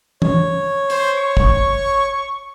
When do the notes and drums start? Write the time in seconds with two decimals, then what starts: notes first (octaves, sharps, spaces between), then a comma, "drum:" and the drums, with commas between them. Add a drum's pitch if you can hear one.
0.22 C#5, drum: tom
0.90 C5, drum: hi-hat
1.19 C#6
1.37 drum: kick